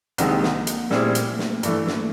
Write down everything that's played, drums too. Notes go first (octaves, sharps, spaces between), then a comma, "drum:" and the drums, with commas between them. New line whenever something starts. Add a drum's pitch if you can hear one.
C2 C3 D#3 G#3 A#3, drum: hi-hat
drum: snare
drum: hi-hat
A#2 G3 A3 C4 E4 G#4, drum: snare
drum: hi-hat
drum: snare
G2 E3 A3, drum: hi-hat
drum: snare